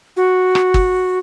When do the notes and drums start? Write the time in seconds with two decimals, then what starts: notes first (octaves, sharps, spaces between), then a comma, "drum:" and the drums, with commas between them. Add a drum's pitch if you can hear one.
0.17 F#4
0.55 drum: rim click
0.74 drum: kick G1